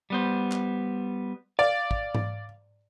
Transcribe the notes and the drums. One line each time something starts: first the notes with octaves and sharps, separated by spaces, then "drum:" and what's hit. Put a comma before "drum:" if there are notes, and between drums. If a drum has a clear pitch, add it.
G3 B3 C5
drum: clap
D5 F5
drum: kick
drum: tom G#2